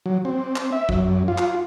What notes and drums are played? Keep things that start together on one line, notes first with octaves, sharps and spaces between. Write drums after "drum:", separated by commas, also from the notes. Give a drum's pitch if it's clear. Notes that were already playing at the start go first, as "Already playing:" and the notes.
F#3
C4
drum: clap
E5
F#2, drum: kick
F4
drum: clap